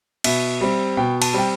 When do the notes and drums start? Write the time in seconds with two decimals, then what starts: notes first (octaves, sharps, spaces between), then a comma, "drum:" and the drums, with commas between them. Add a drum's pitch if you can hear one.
0.24 B2 E5, drum: cymbal
0.61 G3 C4
0.97 B2 G5
1.22 A5, drum: cymbal
1.34 G3 C4 G5